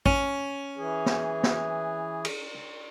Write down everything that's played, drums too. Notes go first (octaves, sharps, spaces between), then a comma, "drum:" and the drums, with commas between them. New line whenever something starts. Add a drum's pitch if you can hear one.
C#4, drum: kick
E3 G#4
drum: snare
drum: snare
drum: cymbal